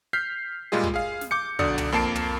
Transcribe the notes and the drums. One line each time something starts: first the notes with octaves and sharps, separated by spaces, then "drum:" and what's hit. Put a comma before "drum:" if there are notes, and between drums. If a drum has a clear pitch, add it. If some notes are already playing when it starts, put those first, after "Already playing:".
F6 G6 B6 C7
A#2 G3 G#3 F4 G#4
drum: kick
G#4 F5
drum: snare
D6 G6 C#7
B1 D3 F#4 D5 D#6 C#7, drum: kick
drum: tom
F2 A#3 A5 C7 D7
drum: tom